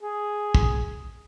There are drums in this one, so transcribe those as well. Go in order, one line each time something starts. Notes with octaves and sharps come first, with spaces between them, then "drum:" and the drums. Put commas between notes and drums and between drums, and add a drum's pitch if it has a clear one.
G#4
drum: kick